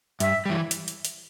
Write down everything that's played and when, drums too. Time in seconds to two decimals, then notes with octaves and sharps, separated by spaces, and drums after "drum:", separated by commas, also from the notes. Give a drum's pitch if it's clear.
0.20 G2 E5, drum: hi-hat
0.46 E3 G3
0.71 drum: hi-hat
0.88 drum: hi-hat
1.05 drum: hi-hat